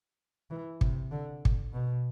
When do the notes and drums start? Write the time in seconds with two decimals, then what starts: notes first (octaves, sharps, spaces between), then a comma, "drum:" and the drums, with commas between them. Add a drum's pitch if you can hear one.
0.51 E3
0.81 C3, drum: kick
1.11 D3
1.45 drum: kick
1.73 B2